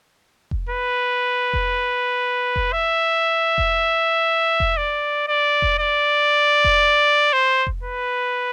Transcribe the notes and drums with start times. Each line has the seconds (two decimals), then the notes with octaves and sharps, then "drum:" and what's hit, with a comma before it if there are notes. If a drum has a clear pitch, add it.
0.51 drum: kick F1
0.69 B4
1.53 drum: kick F1
2.56 drum: kick F1
2.73 E5
3.58 drum: kick F1
4.60 drum: kick F1
4.77 D5
5.28 D5
5.62 drum: kick F1
5.79 D5
6.64 drum: kick F1
7.33 C5
7.67 drum: kick F1
7.83 B4